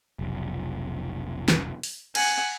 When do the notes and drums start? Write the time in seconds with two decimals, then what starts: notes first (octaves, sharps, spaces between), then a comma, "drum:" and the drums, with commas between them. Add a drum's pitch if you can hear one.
0.19 F1 B1
1.48 drum: snare
1.83 drum: open hi-hat
2.15 F#5 G#5, drum: cymbal